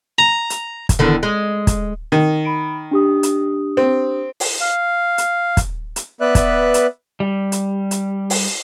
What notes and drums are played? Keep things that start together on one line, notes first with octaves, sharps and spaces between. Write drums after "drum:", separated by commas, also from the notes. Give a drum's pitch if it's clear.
A#5
drum: hi-hat
drum: kick, hi-hat
E2 D3 D#3
G#3
drum: kick, hi-hat
D#3
B5 D7
D4 G4 D#6
drum: hi-hat
C4
drum: open hi-hat
F5
drum: hi-hat
drum: kick, hi-hat
drum: hi-hat
B3 B4 D5 E5 F#6
drum: kick, hi-hat
drum: hi-hat
G3
drum: hi-hat
drum: hi-hat
drum: open hi-hat